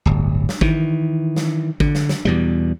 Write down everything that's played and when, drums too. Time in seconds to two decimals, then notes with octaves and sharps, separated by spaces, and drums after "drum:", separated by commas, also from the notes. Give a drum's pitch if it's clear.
0.06 D1 G1
0.49 drum: snare
0.61 D#3 E3, drum: kick G#1
1.36 drum: snare
1.80 D3, drum: kick G#1
1.95 drum: snare
2.09 drum: snare
2.25 E2 B2 G3